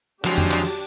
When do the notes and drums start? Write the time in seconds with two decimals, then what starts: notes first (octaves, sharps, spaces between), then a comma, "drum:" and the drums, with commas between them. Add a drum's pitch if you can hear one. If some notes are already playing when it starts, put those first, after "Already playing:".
0.24 C#3 F3 F#3 G#3 C4 D4 G4, drum: clap
0.38 drum: tom F2
0.51 drum: clap
0.65 drum: open hi-hat